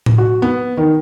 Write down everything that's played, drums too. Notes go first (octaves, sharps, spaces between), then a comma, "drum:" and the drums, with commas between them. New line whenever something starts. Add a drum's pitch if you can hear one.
drum: tom A2
F#4
B3
D#3